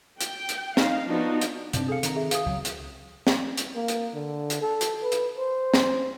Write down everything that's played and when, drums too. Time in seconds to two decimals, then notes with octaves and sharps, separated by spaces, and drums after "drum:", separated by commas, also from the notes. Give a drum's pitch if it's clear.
0.21 G5, drum: hi-hat
0.49 drum: hi-hat
0.77 D#4 F5, drum: snare
1.07 F3 B3 D4 D#4 F#4
1.41 drum: hi-hat
1.73 G2 C3 C4 D4, drum: hi-hat
1.88 G#4 A4 F5 C#7
2.03 D#3 A#5, drum: hi-hat
2.15 G#4 E5
2.31 G#4 F5 D#6, drum: hi-hat
2.46 C#2 F#3
2.65 drum: hi-hat
3.27 drum: snare
3.57 drum: hi-hat
3.75 A#3
3.88 drum: hi-hat
4.14 D3
4.50 drum: hi-hat
4.62 A4
4.81 drum: hi-hat
5.03 B4
5.12 drum: hi-hat
5.37 C5
5.74 drum: snare